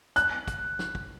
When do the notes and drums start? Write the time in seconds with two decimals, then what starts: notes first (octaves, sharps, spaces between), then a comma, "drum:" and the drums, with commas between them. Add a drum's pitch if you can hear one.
0.16 F#6, drum: hi-hat
0.48 drum: kick, hi-hat
0.79 drum: snare
0.95 drum: kick